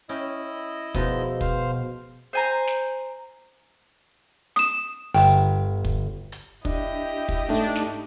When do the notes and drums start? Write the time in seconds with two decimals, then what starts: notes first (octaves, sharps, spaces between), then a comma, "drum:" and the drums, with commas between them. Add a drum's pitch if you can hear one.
0.09 C#4 E4 D#5 G5 E6
0.95 B2 F3 G#3 D#4, drum: kick
1.41 C5 F5, drum: kick
2.33 C5 G#5 A#5
2.67 drum: snare
4.56 D#6 E7, drum: rim click
5.14 G1 G5, drum: open hi-hat
5.85 drum: kick
6.32 drum: hi-hat
6.65 D4 E4 G4 D#5, drum: kick
7.29 drum: kick
7.49 G#2 A3 D4 D#4
7.75 drum: snare